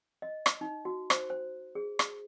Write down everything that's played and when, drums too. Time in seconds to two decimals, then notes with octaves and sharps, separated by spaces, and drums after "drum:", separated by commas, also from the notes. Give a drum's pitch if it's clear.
0.22 D#5
0.46 drum: rim click
0.61 D#4
0.85 F#4
1.10 C5, drum: rim click
1.30 C5
1.75 G#4
1.99 drum: rim click